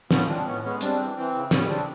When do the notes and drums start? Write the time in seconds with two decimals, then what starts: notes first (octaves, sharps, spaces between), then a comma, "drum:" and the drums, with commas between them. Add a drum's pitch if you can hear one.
0.11 F3 B3 C#4, drum: snare
0.28 G#3 C4 D4
0.46 A2 B3 C#4
0.63 G#3 B3 C#4
0.81 G3 C4 D4, drum: hi-hat
0.99 E3
1.16 E3 C4
1.34 C#3
1.51 G3 B3 C#4, drum: snare
1.69 C#3 C4 D4